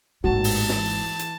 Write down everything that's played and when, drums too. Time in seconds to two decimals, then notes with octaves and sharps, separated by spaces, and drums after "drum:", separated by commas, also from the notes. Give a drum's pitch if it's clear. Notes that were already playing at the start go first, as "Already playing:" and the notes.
0.24 G#1 D#2 A2 G#3 F#4 A5
0.44 drum: open hi-hat
0.69 E3, drum: snare
1.19 drum: hi-hat